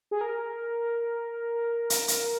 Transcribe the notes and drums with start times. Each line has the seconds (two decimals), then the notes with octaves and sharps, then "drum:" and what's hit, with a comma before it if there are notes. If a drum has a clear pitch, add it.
0.11 G#4
0.21 A#4
1.90 drum: hi-hat
2.08 drum: hi-hat